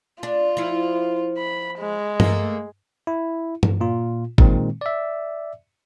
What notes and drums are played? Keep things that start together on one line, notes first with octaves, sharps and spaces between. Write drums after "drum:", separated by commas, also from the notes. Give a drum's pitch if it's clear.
D4 F4
F3 E4
B5
G#3
A3 A#3, drum: tom G2
E4
drum: tom G2
A#2 F4
A#2 D#3 G#3 C4, drum: kick
D5 E5